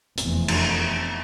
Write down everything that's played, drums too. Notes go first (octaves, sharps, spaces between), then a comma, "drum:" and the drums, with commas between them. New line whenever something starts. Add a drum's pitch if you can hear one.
F1 E2, drum: hi-hat
drum: cymbal